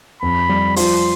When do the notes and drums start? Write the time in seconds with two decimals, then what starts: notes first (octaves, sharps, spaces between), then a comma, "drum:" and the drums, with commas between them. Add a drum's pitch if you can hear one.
0.22 F2 B5
0.49 G3
0.76 F3 C6, drum: open hi-hat